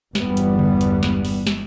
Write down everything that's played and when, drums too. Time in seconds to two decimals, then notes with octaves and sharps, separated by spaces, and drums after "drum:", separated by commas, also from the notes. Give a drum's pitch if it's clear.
0.15 G1 E2 G2 G3 B3, drum: snare
0.37 drum: hi-hat
0.59 drum: tom C#3
0.81 drum: hi-hat
1.03 drum: snare
1.25 drum: open hi-hat
1.47 drum: snare